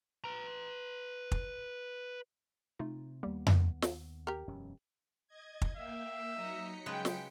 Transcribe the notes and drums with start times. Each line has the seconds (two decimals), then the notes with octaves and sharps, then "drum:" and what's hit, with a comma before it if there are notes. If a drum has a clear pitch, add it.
0.24 B4 A#5
1.32 drum: kick
2.79 C3 A3 D#4 F4
3.23 D#2 G3 A#3 B3 G4
3.47 drum: tom F2
3.82 drum: snare
4.27 G4 A#4
4.48 E1 F#2 C#4
5.28 D#5 G#6
5.62 drum: kick
5.77 A#3 E5 F5 G5
6.36 F#3 D#4 D#5 A#5 B6 C#7
6.86 C#3 G#3 G#4 B4 G5
7.05 drum: snare